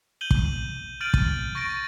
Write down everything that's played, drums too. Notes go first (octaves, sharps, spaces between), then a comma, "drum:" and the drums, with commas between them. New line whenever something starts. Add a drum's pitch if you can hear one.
G6 D#7 F#7 G7
drum: kick
F6 G6 A6 D7 D#7 F#7
drum: kick
C#6 A6 A#6 D7